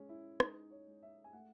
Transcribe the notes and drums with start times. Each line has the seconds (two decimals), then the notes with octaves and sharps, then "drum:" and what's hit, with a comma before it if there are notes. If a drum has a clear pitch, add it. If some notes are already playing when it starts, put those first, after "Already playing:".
Already playing: G#3 C#4
0.09 E4
0.40 G#3 D#4, drum: rim click
0.71 C#5
0.87 G#3
1.03 E5
1.24 G#5
1.33 A3 F#5